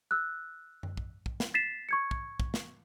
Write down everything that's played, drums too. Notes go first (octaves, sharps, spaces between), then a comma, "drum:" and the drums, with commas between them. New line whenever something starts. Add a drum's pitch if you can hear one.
E6 F#6
drum: tom F#2
drum: kick
drum: kick
drum: snare
A6 B6 C7 E7
C#6 G#6 C#7
drum: kick
drum: kick
drum: snare